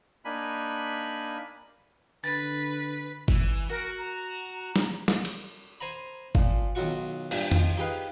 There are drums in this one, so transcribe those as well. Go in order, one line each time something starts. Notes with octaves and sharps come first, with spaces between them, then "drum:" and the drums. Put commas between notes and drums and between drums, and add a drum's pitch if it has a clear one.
A#3 D4 D#4 G#5 B5
D3 B4 A6
E3, drum: kick G1
F#4 A#4
A#5
drum: snare
drum: snare
drum: cymbal
C5 G#5 A#5 B5
A#2 F3, drum: kick G1
B1 D#3 F#3 F4 F#4 C#6
G2 A#2, drum: cymbal
D#3 F3, drum: tom F2
D#4 G4 G#4 B4 F5